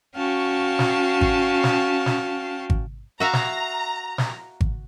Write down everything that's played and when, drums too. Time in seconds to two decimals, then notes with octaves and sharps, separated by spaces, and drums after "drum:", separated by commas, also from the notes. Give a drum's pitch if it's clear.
0.15 C#4 F#4 F5 G5 A5
0.79 drum: snare
1.21 drum: kick G#1
1.64 drum: snare
2.06 drum: snare
2.70 drum: kick G#1
3.20 F#4 E5 F5 A#5
3.33 drum: snare
4.18 drum: snare
4.61 drum: kick G#1